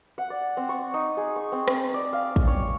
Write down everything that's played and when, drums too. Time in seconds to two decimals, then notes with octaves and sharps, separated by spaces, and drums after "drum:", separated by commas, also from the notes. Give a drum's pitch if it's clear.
0.18 F#5
0.30 D5
0.57 C4
0.69 C#6
0.94 D#4
1.17 G#4
1.36 C#6
1.52 C4
1.68 C4, drum: rim click
1.94 D5
2.13 F5
2.36 drum: kick
2.47 C#5